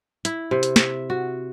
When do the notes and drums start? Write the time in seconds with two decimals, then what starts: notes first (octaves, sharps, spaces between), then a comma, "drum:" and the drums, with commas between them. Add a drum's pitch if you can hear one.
0.25 E4, drum: hi-hat
0.51 C3
0.63 drum: hi-hat
0.76 E5, drum: snare
1.10 F#4